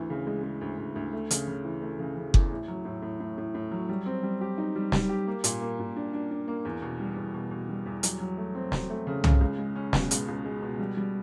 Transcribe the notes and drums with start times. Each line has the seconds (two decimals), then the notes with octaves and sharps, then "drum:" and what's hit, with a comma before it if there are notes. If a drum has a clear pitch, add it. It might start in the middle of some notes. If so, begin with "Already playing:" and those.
Already playing: D2 E3
0.10 C#3
0.27 G#3
0.43 G#3
0.61 D2
0.78 D2
0.96 D2
1.13 A3
1.31 C#3, drum: hi-hat
1.48 C#3
1.65 E3
1.82 A3
1.99 C#3
2.17 C#3
2.34 E2, drum: kick F#1
2.51 A2
2.68 F#3
2.85 A2
3.02 A2
3.20 A2
3.38 A2
3.55 A2
3.71 F#3
3.89 G3
4.06 C4
4.23 G3
4.41 G4
4.58 D#4
4.75 G3
4.92 G3, drum: snare
5.09 G4
5.27 A#3
5.44 A#2, drum: hi-hat
5.61 A#3
5.79 A#2
5.96 D4
6.13 D4
6.31 D4
6.48 A#3
6.65 E2
6.82 B2
7.00 G3
7.17 E2
7.34 B2
7.51 B2
7.69 G3
7.86 E2
8.03 F#3, drum: hi-hat
8.20 F#3
8.38 A3
8.55 C4
8.72 F#3, drum: snare
8.90 A3
9.07 C#3
9.24 C#3, drum: tom C2
9.41 C#2
9.58 G#3
9.75 C#4
9.93 B2, drum: snare
10.11 C#2, drum: hi-hat
10.28 C#2
10.45 G#3
10.62 B2
10.79 G3
10.97 G3